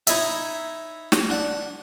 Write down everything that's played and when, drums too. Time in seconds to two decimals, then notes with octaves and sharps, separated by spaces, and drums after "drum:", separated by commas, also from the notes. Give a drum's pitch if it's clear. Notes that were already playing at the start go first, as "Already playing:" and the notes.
0.07 D#4 E4 C#5 D#5 E5, drum: hi-hat
1.12 drum: snare
1.30 D4 F#5